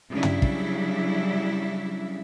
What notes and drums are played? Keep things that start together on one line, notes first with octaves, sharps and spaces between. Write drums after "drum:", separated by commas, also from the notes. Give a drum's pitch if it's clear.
C#3 F#3 G3 D4 E4
drum: tom
drum: kick